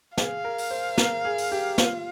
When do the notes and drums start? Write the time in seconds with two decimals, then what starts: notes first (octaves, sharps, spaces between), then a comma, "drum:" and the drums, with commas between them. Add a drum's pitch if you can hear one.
0.17 G#4 F5, drum: snare
0.44 A#4
0.58 drum: open hi-hat
0.71 C5
0.98 A#4, drum: snare
1.25 G#4
1.38 drum: open hi-hat
1.52 G4
1.78 F4, drum: snare